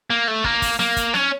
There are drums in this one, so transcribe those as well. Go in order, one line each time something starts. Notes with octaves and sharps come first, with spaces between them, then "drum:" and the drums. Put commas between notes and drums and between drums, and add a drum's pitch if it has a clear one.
A#3
A3
A#3, drum: kick
drum: kick, open hi-hat
A#3, drum: snare
drum: kick, hi-hat
C#4, drum: snare